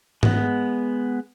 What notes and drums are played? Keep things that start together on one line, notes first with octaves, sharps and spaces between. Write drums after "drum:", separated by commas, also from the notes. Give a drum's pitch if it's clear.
G#3 B3, drum: tom G#2